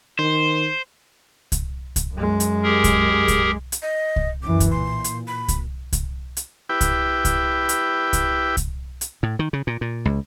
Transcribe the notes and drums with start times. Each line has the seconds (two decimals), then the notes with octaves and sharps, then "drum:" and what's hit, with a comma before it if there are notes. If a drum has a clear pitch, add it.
0.19 D#3 C5
1.52 drum: kick C2, hi-hat
1.96 drum: kick C2, hi-hat
2.14 F#2 G#3
2.40 drum: hi-hat
2.63 G4 G#4 A#4
2.84 drum: kick C2, hi-hat
3.28 drum: kick C2, hi-hat
3.72 drum: hi-hat
3.82 D#5
4.16 drum: kick C2
4.43 F#2 E3 D6
4.60 drum: kick C2, hi-hat
4.71 A#2 C6
5.04 drum: hi-hat
5.27 B5
5.48 drum: kick C2, hi-hat
5.93 drum: kick C2, hi-hat
6.37 drum: hi-hat
6.69 E4 G4 B4 G5
6.81 drum: kick C2, hi-hat
7.25 drum: kick C2, hi-hat
7.69 drum: hi-hat
8.13 drum: kick C2, hi-hat
8.57 drum: kick C2, hi-hat
9.01 drum: hi-hat
9.23 A2
9.39 D#3
9.53 C#3
9.67 A#2
9.81 A#2
10.05 C#2